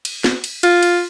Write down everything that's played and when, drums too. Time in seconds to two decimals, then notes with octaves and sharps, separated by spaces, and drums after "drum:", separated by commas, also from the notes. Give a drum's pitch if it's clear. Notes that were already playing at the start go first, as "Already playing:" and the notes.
0.05 drum: cymbal
0.24 drum: snare
0.44 drum: cymbal
0.63 F4, drum: cymbal
0.83 drum: cymbal